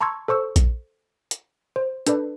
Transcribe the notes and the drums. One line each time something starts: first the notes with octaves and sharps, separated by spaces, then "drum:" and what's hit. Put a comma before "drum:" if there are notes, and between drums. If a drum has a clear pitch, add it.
A5 A#5 C6 C#6 E6 G#6
A4 C5 C#6 E6
drum: kick A#1, hi-hat
drum: hi-hat
C5
D4 A4 B4 D5, drum: hi-hat